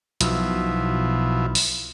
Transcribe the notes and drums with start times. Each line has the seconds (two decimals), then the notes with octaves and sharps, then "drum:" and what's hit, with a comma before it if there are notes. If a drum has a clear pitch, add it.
0.21 B1 B2 F3 E4, drum: hi-hat
1.55 drum: open hi-hat